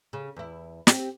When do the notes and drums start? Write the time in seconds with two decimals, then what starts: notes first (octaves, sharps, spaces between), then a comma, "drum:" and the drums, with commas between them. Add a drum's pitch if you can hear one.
0.13 C#3
0.36 E2 E4
0.87 C4 G4, drum: snare